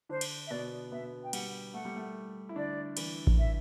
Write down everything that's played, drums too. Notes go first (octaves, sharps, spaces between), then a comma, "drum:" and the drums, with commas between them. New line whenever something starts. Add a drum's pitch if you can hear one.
D3 D4 C5
drum: cymbal
E5
B2 B3 D5
B2 B3 E5
G5
G3 F#5, drum: cymbal
A3 F#5
G3
A3
E4
D3 D4 D5
E3 E4, drum: cymbal
drum: kick A1
E5